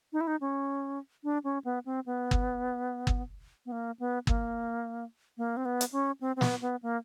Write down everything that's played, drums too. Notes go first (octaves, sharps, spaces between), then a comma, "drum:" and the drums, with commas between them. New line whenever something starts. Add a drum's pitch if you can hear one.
D#4
E4
D#4
C#4
D4
C#4
B3
C4
B3
drum: kick
drum: kick
B3
A#3
B3
A#3, drum: kick
A#3
C4
B3
drum: hi-hat
C#4
C4
C4
B3, drum: snare
B3
A#3